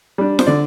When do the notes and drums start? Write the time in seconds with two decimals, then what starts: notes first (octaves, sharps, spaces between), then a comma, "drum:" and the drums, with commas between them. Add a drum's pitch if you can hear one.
0.18 G3 D4
0.39 C5, drum: snare
0.47 D3 D5